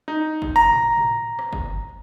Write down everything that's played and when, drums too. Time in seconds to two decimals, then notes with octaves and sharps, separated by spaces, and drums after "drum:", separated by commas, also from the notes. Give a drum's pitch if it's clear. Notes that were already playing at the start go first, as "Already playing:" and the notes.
0.08 D#4
0.42 drum: kick G1
0.56 A#5
0.70 drum: tom A2
0.97 drum: tom A2
1.39 drum: rim click
1.53 drum: kick G1